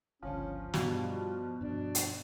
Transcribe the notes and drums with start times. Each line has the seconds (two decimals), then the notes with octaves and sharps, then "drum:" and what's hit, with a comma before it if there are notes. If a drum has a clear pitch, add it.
0.22 G1 C#2 D3 F3 C#4
0.74 G2 B2 G3 D4, drum: snare
1.61 G2 F3 D4
1.95 drum: hi-hat